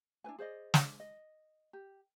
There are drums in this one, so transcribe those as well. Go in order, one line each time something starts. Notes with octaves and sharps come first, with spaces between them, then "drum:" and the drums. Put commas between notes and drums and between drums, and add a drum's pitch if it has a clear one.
D4 E4 B4 G#5
G#4 C5 D5 D#5
drum: snare
D#5
G4